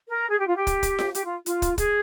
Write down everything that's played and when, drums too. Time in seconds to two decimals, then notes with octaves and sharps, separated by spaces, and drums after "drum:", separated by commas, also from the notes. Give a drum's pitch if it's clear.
0.09 A#4
0.29 G#4
0.39 G4
0.47 F4
0.56 G4
0.67 drum: kick, hi-hat
0.83 drum: kick, hi-hat
0.99 drum: snare F4
1.15 G4, drum: hi-hat
1.25 F4
1.46 F4, drum: hi-hat
1.62 drum: kick, hi-hat
1.78 G#4, drum: kick, hi-hat